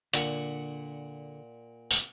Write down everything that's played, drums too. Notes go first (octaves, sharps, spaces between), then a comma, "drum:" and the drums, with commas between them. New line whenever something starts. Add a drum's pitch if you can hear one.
A#2 D3 F#5 C#6, drum: hi-hat
drum: tambourine